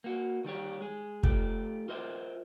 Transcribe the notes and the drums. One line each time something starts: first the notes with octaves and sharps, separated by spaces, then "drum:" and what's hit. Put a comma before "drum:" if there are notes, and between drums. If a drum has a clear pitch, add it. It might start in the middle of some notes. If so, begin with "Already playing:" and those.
A#3 F#4
D#3 G3 G4 C#5
G#3 G#4
A3 F4 G4, drum: kick
F4 A#4 C5 D#5 E5